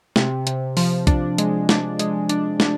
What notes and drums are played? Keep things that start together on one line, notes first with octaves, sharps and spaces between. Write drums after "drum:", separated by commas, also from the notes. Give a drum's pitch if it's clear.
C3, drum: snare
C3, drum: hi-hat
F3, drum: open hi-hat
D4, drum: kick, hi-hat
G#3, drum: hi-hat
D4, drum: snare
G#3, drum: hi-hat
D4, drum: hi-hat
D4, drum: snare